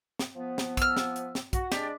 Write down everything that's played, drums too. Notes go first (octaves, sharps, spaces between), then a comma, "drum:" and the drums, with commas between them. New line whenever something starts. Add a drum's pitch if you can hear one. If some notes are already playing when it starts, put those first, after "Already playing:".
drum: snare
F3 B3
drum: snare
E6 F6, drum: kick, hi-hat
drum: snare
drum: hi-hat
drum: snare
F#4, drum: kick, hi-hat
G#3 D4 G4 D5, drum: snare